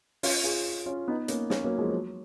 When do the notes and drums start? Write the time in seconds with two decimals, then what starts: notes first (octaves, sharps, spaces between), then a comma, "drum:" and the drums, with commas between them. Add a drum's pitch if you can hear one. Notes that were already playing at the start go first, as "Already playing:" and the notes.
0.23 C#4 F4, drum: open hi-hat
0.44 F4 G#4
0.86 C#4 F4
1.08 B3 D#4
1.28 A#3 C#4, drum: hi-hat
1.50 A#3 C#4, drum: snare
1.64 F#3 A#3
1.78 F3 G#3
1.92 F#3